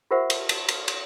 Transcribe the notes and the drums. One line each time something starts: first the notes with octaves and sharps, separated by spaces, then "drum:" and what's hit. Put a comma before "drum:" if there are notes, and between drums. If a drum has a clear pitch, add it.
F4 G4 A#4 C5 E5 F#5
drum: cymbal
drum: cymbal
drum: cymbal
drum: cymbal